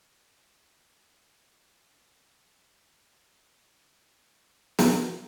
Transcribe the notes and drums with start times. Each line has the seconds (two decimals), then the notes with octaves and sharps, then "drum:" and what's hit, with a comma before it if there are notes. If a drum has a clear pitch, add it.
0.16 G#2
0.40 D#5 F5
0.52 D#3 G#3
0.63 D#5
0.86 G#2 E5
1.20 D#3 G#3 E5
1.55 G#2 D#5
1.79 E5
1.90 D#3 G#3
2.02 E5
2.25 G#2 E5
2.59 D#3 G#3
2.86 F5
2.95 G#2 E5
3.29 F3 G#3 D#5 F5
3.64 G#2
3.90 F#5
3.99 F3 G#3 F5 G5
4.79 drum: snare